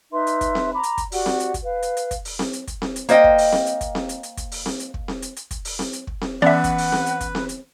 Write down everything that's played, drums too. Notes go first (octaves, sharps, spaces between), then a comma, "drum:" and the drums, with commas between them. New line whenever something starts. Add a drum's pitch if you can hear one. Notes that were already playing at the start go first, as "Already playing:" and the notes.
D#4 B4 E5 C6
drum: hi-hat
drum: kick, hi-hat
drum: snare C4
A#5 B5 D6
drum: hi-hat
drum: kick, hi-hat
F#4 G4 D5 F#5, drum: open hi-hat
drum: snare C4
drum: hi-hat
drum: kick, hi-hat
B4 F5
drum: hi-hat
drum: hi-hat
drum: kick, hi-hat
drum: open hi-hat
drum: snare C4
drum: hi-hat
drum: kick, hi-hat
drum: snare C4
drum: hi-hat
A#3 C5 D#5 G5, drum: hi-hat
drum: kick
drum: open hi-hat
drum: snare C4
drum: hi-hat
drum: kick, hi-hat
drum: snare C4
drum: hi-hat
drum: hi-hat
drum: kick, hi-hat
drum: open hi-hat
drum: snare C4
drum: hi-hat
drum: kick
drum: snare C4
drum: hi-hat
drum: hi-hat
drum: kick, hi-hat
drum: open hi-hat
drum: snare C4
drum: hi-hat
drum: kick
drum: snare C4
E3 B3 C#4 B4 D5 E5 F#5
drum: kick, hi-hat
drum: open hi-hat
drum: snare C4
drum: hi-hat
drum: kick, hi-hat
drum: snare C4
drum: hi-hat